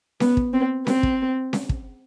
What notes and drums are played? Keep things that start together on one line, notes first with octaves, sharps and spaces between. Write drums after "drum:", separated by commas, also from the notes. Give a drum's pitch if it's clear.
B3, drum: snare C#4
drum: kick
C4
C4, drum: snare C#4
drum: kick
drum: snare C#4
drum: kick